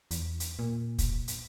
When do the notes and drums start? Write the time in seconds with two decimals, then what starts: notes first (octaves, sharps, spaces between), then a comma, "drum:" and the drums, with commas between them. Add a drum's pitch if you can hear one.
0.11 E2, drum: hi-hat
0.40 drum: hi-hat
0.59 A#2
0.98 drum: kick, hi-hat
1.28 drum: hi-hat